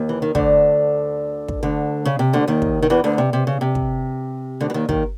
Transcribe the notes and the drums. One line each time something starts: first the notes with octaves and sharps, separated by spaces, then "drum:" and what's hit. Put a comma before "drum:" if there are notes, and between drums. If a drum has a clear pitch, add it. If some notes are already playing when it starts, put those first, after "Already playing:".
Already playing: D#2
E3
D#3
D2 D3, drum: kick
drum: kick
D2 D3
C#3
C3
D2 D3
D#2 D#3
drum: kick
D#3
E2 E3
D2 D3
C3
C3
C#3
C3
drum: kick
D2 D3
E3
D#2 D#3
D#2 D#3, drum: kick